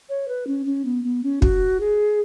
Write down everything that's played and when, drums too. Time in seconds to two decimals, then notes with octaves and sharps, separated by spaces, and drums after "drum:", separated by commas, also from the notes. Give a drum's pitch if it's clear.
0.09 C#5
0.28 B4
0.47 C#4
0.66 C#4
0.85 B3
1.04 B3
1.23 C#4
1.42 F#4, drum: kick
1.80 G#4